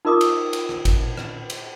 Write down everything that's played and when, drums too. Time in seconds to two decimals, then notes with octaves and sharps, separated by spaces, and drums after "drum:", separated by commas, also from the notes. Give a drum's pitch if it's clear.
0.05 D#4 F4 A#4 D#5 D6 D#6
0.21 drum: cymbal
0.53 drum: cymbal
0.69 drum: rim click
0.85 drum: kick, cymbal
1.17 drum: rim click
1.50 drum: cymbal